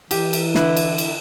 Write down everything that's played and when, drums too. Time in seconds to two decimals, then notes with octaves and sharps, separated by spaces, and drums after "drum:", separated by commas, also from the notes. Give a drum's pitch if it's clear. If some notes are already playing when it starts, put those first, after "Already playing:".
0.11 E3 G4, drum: cymbal
0.33 drum: cymbal
0.55 D3 E4 B4, drum: snare
0.77 drum: cymbal
0.98 drum: cymbal